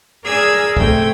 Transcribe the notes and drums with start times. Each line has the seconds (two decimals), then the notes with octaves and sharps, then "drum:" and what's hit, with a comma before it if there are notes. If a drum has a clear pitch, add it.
0.24 G#4 A#4 D5 E6 G#6
0.77 C3 A3 G5 G#6, drum: kick